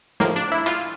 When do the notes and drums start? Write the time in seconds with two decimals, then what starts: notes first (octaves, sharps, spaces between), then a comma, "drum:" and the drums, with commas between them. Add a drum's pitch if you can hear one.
0.20 A2 F3 A#3, drum: snare
0.36 D4
0.52 E4
0.67 F4, drum: clap